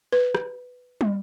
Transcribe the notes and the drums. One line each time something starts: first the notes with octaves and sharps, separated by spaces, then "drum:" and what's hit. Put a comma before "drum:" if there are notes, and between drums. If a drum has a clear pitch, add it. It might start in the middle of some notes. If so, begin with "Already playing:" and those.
B4
drum: rim click
drum: tom